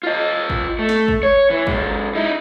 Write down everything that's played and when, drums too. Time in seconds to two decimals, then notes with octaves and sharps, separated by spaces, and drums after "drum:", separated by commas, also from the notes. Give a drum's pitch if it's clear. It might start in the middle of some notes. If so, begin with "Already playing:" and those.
0.03 F4 D#5
0.50 drum: kick
0.79 A3
0.89 drum: snare
1.08 drum: kick
1.23 C#5
1.50 E3
1.67 F#2 G#3, drum: kick
2.15 D#4 E4